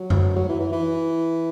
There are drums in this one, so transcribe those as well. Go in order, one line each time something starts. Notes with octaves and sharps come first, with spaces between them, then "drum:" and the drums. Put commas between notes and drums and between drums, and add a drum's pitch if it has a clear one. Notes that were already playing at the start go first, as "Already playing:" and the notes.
Already playing: F#3
drum: tom F#2
F#3
E3
E3
E3